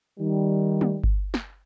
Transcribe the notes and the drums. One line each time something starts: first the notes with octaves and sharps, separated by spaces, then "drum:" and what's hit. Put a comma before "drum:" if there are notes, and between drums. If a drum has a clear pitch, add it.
D#3 G3
drum: tom
drum: kick G1
drum: snare